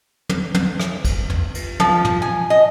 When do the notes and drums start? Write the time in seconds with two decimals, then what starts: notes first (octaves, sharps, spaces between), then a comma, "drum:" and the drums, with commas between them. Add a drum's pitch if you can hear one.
0.29 drum: tom
0.55 drum: tom
0.80 drum: rim click
1.05 drum: kick, cymbal
1.30 drum: tom
1.55 drum: cymbal
1.80 F3, drum: tom
2.05 drum: tom
2.22 G#5
2.50 D#5